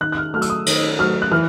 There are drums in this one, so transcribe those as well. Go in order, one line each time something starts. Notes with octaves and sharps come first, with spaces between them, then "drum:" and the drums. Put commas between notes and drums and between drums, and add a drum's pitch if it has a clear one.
D#3 F#6
F#6
F6
F#3 A3 F6
E6, drum: hi-hat
D#6
D#3, drum: cymbal
F#3 A3 F6
F#6
E3 F6